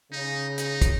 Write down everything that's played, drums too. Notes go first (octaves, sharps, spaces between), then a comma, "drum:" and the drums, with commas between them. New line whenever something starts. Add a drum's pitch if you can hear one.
C#3 D#4
D#4, drum: hi-hat
drum: kick, hi-hat